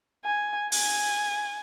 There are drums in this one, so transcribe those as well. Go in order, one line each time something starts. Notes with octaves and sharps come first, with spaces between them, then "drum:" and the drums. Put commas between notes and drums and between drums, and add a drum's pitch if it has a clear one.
G#5
G#5, drum: open hi-hat